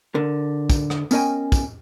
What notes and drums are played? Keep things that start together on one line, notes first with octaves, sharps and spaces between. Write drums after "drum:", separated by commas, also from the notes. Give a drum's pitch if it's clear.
D3 A#4
drum: kick, tambourine
drum: rim click
B3 C#4 A#4 D#5 G5 G#5, drum: tambourine
drum: kick, tambourine